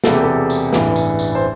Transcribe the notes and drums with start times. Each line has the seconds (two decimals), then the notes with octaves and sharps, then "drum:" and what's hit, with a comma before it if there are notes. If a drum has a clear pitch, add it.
0.04 E1 E2 C3 A4, drum: snare
0.13 G4
0.23 A4
0.50 drum: tambourine
0.73 A1 G2 E3, drum: snare
0.96 drum: tambourine
1.19 drum: tambourine
1.35 C5